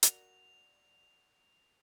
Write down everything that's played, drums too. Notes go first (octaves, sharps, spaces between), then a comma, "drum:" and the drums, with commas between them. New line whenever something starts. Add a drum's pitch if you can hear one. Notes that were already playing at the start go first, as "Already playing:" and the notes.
F#4 A#4 D5 F7, drum: hi-hat